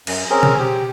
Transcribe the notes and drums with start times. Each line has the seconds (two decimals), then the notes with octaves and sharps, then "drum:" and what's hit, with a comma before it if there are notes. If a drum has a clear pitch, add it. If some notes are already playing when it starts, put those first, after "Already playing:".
0.07 F#2, drum: cymbal
0.30 C4 C#4 G#4 A#4
0.43 drum: tom B2
0.59 G4